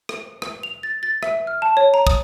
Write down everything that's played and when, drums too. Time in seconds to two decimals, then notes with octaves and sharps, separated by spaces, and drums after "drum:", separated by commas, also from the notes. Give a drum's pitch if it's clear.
0.09 drum: rim click
0.42 drum: rim click
0.63 F7
0.83 A6
1.03 A6
1.23 E5, drum: rim click
1.47 F6
1.62 A5
1.77 C#5
1.94 A#5
2.07 D#6, drum: kick